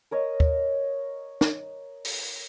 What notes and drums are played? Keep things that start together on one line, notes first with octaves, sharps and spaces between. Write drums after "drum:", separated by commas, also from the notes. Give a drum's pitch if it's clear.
A#4 C#5 D#5
drum: kick
drum: snare
drum: open hi-hat